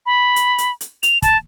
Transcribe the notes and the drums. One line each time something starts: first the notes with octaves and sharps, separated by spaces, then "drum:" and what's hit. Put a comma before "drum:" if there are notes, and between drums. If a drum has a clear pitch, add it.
B5
drum: hi-hat
drum: hi-hat
drum: hi-hat
F7, drum: hi-hat
A5, drum: kick, hi-hat